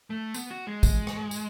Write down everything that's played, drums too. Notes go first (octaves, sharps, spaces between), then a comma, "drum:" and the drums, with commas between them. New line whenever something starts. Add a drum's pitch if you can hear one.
A3
B3, drum: tambourine
F#4
G#3
drum: kick, tambourine
drum: rim click
drum: tambourine